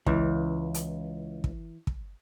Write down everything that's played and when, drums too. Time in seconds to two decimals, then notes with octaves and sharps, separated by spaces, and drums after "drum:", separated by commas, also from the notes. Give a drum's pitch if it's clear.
0.06 C#2 E3, drum: kick
0.74 drum: hi-hat
1.44 drum: kick
1.87 drum: kick